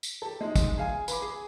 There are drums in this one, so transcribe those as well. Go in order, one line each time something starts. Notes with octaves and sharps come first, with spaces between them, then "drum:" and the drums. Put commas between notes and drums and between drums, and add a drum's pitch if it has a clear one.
drum: tambourine
G4 A4
G#3 D#4
drum: kick, tambourine
G#4 F5 G#5
B4 B5 D6, drum: tambourine
G#4